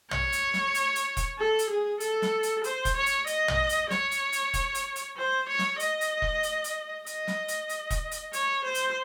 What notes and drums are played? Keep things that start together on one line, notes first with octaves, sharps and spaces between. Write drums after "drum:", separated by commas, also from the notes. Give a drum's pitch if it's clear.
C#5, drum: tom
drum: hi-hat
drum: snare
drum: hi-hat
drum: hi-hat
drum: kick E1, hi-hat
A4
drum: hi-hat
G#4
A4, drum: hi-hat
drum: snare
drum: hi-hat
C5, drum: hi-hat
drum: kick E1, hi-hat
C#5
drum: hi-hat
D#5, drum: hi-hat
drum: tom
drum: hi-hat
C#5, drum: snare
drum: hi-hat
drum: hi-hat
drum: kick E1, hi-hat
drum: hi-hat
drum: hi-hat
C5
C#5
drum: snare
D#5, drum: hi-hat
drum: hi-hat
drum: kick E1
drum: hi-hat
drum: hi-hat
D#5, drum: hi-hat
drum: snare
drum: hi-hat
drum: hi-hat
drum: kick E1, hi-hat
drum: hi-hat
C#5, drum: hi-hat
C5
drum: hi-hat